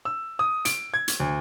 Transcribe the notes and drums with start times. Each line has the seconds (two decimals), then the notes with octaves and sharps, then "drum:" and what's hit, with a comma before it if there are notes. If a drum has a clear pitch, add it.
0.05 E6
0.39 D#6
0.65 D7, drum: hi-hat
0.94 G#6
1.08 drum: hi-hat
1.20 D2